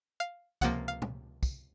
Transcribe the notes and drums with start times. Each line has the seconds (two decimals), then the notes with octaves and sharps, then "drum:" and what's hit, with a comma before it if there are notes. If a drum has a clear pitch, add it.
0.20 F5
0.61 C#2 C3 F3 A#3 F#5, drum: kick, tambourine
0.88 F5
1.02 drum: tom
1.43 drum: kick, tambourine